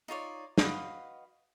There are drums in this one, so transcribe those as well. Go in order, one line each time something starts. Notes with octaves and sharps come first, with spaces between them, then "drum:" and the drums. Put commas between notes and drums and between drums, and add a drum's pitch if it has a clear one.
D#4 F4 C#5 D5
F#4 B4 D#5 F5, drum: snare